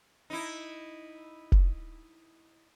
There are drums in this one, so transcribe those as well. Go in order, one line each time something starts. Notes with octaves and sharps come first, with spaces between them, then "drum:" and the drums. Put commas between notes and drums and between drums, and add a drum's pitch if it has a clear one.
D#4 E4
drum: kick F1